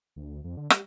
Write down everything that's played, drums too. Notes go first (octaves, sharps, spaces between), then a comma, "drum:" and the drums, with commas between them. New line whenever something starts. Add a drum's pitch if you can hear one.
D2
F2
D3
G3, drum: rim click